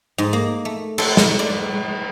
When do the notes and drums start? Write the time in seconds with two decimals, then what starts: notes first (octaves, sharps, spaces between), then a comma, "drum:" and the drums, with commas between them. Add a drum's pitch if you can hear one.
0.18 G#2
0.33 A#3
0.65 A3
0.98 A4, drum: cymbal
1.17 drum: snare
1.39 D5